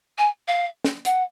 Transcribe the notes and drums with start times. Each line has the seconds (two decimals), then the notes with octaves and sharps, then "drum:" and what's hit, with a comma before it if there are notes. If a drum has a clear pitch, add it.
0.18 G#5
0.47 F5
0.84 drum: snare
1.05 F#5, drum: hi-hat